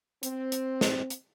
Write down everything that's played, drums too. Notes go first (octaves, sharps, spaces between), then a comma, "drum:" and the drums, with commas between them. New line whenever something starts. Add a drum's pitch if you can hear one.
C4, drum: hi-hat
drum: hi-hat
drum: snare
drum: hi-hat